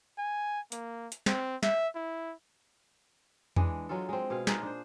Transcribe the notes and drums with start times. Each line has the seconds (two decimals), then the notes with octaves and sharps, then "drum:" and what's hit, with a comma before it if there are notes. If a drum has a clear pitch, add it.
0.18 G#5
0.72 A#3, drum: hi-hat
1.12 drum: hi-hat
1.26 C4, drum: snare
1.63 E5, drum: snare
1.95 E4
3.56 E3 G#3 D4, drum: tom E2
3.89 F#3 G#3 F4 A4
4.09 G#3 C4
4.30 B2 G#4 F5
4.47 A#2 G#3 D#4 F4, drum: snare
4.63 D4 C5